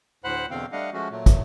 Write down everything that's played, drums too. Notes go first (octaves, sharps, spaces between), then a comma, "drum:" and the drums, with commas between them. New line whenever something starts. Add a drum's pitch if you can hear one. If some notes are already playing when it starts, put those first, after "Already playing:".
D2 A2 C5 F#5 B5 F#6
E2 B2 D3 C4 F5 G5
G3 A3 D4 D#5 F5 F#5
F3 G#3 A3 C#4 F#4
A#2 F#3 A3
drum: kick, hi-hat